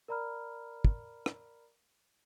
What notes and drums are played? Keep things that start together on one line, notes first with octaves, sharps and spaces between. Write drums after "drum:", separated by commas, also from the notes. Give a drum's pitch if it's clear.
A#4 D5 A#5 B5 F6
drum: kick
drum: rim click